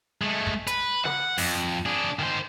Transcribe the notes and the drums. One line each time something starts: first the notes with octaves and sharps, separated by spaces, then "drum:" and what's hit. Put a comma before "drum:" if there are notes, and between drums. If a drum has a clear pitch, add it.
G#3 A3
drum: kick
B4, drum: hi-hat
F#5, drum: snare
F2, drum: open hi-hat
D4 G#4
D#3 C5